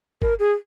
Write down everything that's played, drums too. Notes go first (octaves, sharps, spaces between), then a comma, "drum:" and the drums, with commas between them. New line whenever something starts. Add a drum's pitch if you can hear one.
A#4, drum: kick G1
G#4